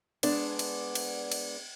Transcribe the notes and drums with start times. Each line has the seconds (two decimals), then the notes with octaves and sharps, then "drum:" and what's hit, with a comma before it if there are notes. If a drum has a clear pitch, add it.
0.23 G#3 B3 D4 D5, drum: cymbal
0.59 drum: cymbal
0.95 drum: cymbal
1.32 drum: cymbal